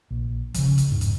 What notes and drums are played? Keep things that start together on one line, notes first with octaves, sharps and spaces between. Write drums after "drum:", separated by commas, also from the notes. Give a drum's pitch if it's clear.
A#1
C#3 F3, drum: kick, hi-hat
drum: hi-hat
E1 G#2
drum: hi-hat